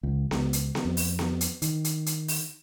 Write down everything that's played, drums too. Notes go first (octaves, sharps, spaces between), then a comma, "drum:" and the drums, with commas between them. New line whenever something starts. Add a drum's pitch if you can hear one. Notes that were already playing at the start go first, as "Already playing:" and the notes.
C#2
C#2, drum: snare B3
drum: hi-hat
drum: snare B3
F2
drum: open hi-hat
drum: snare B3
drum: hi-hat
D#3, drum: hi-hat
drum: hi-hat
drum: hi-hat
drum: open hi-hat